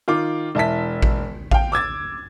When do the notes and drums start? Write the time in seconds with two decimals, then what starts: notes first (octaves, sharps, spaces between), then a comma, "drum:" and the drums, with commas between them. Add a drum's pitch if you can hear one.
0.08 D#3 F4 D6
0.55 E1 E4 A5 B6
1.02 drum: kick A1
1.51 F5 G5, drum: kick A1
1.72 D6 E6 G#6 A6